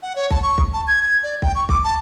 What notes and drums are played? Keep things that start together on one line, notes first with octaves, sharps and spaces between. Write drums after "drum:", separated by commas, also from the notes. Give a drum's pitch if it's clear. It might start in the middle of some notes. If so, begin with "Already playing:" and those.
F#5
C#5
A5, drum: kick
C#6
drum: kick
A5
G#6
G#6
D5
G5, drum: kick
C#6
D6, drum: kick
A5